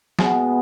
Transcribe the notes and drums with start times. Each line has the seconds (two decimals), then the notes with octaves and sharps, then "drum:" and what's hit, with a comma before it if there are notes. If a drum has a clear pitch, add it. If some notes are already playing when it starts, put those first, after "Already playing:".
0.19 B2 G#3 B3, drum: snare